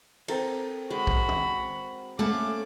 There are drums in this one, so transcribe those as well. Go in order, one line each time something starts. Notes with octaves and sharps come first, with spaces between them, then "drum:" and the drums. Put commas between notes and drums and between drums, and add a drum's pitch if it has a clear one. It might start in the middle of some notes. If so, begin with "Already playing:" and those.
C4 A4 A#4 E6, drum: cymbal
G#3 F#4 B5
drum: kick
drum: tom
A3 A#3 C#4 F#5 A5 B5 D6